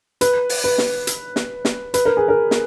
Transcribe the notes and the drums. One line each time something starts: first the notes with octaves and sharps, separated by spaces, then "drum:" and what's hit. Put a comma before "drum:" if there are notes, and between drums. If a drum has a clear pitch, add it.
B4, drum: hi-hat
drum: open hi-hat
B4
drum: snare
drum: hi-hat
drum: snare
drum: snare
B4, drum: hi-hat
A#4
G#4
A#4
drum: snare